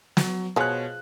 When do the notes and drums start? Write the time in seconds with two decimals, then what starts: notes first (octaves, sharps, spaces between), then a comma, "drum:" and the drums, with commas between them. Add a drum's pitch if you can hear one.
0.17 F#3, drum: snare
0.56 B2 F3 G#3 C#5 F#6